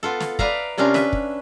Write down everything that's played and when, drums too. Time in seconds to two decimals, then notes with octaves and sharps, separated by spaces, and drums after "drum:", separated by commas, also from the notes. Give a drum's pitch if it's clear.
0.03 B3 F4 A4
0.20 drum: snare
0.39 B4 D5 E5 F5 A#5, drum: kick
0.78 C3 C#4 D4 F4 A#4
0.94 B4 E5, drum: snare
1.13 drum: kick